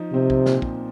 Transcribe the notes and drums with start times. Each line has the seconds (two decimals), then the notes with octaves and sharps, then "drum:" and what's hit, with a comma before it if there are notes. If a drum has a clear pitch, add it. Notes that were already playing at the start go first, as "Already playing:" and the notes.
Already playing: F3 D#4
0.13 C3 C4
0.30 drum: kick
0.46 A#2, drum: snare
0.62 drum: kick